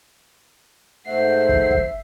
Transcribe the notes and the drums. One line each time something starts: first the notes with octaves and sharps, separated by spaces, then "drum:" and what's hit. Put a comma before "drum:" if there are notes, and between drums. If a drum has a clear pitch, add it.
G#2 A3 C5 E5 F#5 C7
drum: kick
drum: kick